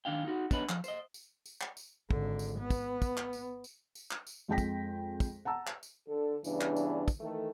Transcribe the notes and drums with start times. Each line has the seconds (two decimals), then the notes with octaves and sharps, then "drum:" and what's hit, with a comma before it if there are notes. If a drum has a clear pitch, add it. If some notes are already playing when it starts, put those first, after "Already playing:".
0.05 D#3 D4 F5 G5
0.25 D#4 F#4
0.51 B3 D4 B4 C#5 D#5 B5, drum: kick, tambourine
0.69 F3, drum: clap
0.84 C5 D#5, drum: tambourine
1.14 drum: tambourine
1.46 drum: tambourine
1.61 drum: clap
1.77 drum: tambourine
2.11 G#1 D3, drum: kick
2.39 drum: tambourine
2.59 B3
2.70 drum: kick, tambourine
3.02 drum: kick, tambourine
3.17 drum: clap
3.33 drum: tambourine
3.64 drum: tambourine
3.95 drum: tambourine
4.11 drum: clap
4.27 drum: tambourine
4.48 F2 G#3 G#4 G5 A#6 B6
4.58 drum: kick, tambourine
5.20 drum: kick, tambourine
5.45 F#5 A5 A#5 E6
5.67 drum: clap
5.83 drum: tambourine
6.07 D3 A4
6.44 G2 C#3 E3 B3 D4, drum: tambourine
6.61 drum: clap
6.76 drum: tambourine
7.08 drum: kick, tambourine
7.20 D#3 E3 A3